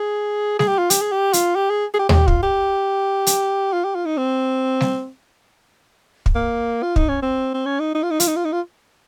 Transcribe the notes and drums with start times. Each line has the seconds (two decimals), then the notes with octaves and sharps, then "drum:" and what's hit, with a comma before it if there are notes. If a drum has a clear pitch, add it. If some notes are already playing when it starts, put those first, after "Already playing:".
Already playing: G#4
0.59 G#4, drum: snare G3
0.68 G4
0.78 F4
0.90 G4, drum: hi-hat
1.01 G#4
1.12 G4
1.33 F4, drum: hi-hat
1.56 G4
1.70 G#4
1.94 G#4
1.99 G4
2.09 G#4, drum: tom D#2
2.13 G4
2.28 F4, drum: kick
2.43 G4
3.27 drum: hi-hat
3.73 F4
3.84 G4
3.95 F4
4.06 D#4
4.17 C4
4.81 drum: snare G3
6.26 drum: kick
6.35 A#3
6.83 F4
6.96 D#4, drum: kick
7.09 C#4
7.23 C4
7.54 C4
7.66 C#4
7.80 D#4
7.95 D#4
8.03 F4
8.11 D#4
8.20 F4, drum: hi-hat
8.27 D#4
8.36 F4
8.45 D#4
8.52 F4